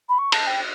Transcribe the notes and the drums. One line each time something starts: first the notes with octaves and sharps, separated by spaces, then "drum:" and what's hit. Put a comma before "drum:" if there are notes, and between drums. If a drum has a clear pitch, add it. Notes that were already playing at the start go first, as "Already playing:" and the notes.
B5
C#6
A5, drum: cymbal
G5